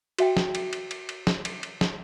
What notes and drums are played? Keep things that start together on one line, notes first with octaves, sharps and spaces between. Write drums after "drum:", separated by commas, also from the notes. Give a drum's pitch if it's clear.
F#4 E5 G5, drum: cymbal
drum: snare
drum: cymbal
drum: cymbal
drum: cymbal
drum: cymbal
drum: snare
drum: cymbal
drum: cymbal
drum: snare